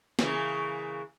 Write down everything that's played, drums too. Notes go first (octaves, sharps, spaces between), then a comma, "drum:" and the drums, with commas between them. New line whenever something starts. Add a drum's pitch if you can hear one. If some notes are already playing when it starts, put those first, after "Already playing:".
C#3 E3 A#3, drum: snare